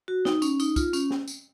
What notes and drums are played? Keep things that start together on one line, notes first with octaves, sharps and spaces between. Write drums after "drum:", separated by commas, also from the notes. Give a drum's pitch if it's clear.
F#4
D#4, drum: snare
C#4, drum: tambourine
D#4, drum: tambourine
F4, drum: kick, tambourine
C#4, drum: tambourine
drum: snare
drum: tambourine